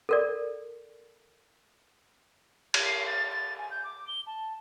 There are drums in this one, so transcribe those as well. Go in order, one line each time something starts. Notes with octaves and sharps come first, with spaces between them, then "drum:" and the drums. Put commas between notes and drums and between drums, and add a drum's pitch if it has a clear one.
A4 A#4 D5
G#6, drum: cymbal
C7
A6
A6
G#5
G6
D6
G7
A5